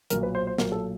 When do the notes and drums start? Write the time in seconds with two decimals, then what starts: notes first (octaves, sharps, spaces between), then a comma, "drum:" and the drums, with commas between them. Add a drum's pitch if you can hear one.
0.10 B1 A#2 F#3 A#4, drum: hi-hat
0.23 B4
0.35 C5
0.47 C5
0.58 B1 A#2 F#3 A#4, drum: snare
0.72 A4